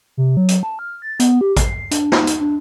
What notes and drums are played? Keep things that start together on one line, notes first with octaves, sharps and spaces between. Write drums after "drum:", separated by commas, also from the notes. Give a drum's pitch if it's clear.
C3
F#3
drum: hi-hat
A5
F6
A6
B3, drum: hi-hat
G4
C7, drum: kick A1, hi-hat
D4, drum: hi-hat
D#4, drum: snare
drum: hi-hat
D4